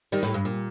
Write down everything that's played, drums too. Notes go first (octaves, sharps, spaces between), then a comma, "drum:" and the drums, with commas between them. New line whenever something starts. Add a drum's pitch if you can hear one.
D#3 G3
A2, drum: snare
G2
A#2